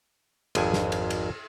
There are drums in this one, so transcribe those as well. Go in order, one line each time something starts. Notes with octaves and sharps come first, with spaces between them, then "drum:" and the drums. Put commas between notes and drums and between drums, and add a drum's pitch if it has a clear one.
G#1 F2 G#5, drum: cymbal
drum: snare
drum: cymbal
drum: cymbal